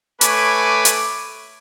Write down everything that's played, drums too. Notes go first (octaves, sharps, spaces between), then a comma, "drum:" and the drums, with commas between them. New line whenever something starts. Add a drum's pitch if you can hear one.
A3 B4 C#5 G#5 B5 D6, drum: hi-hat
drum: hi-hat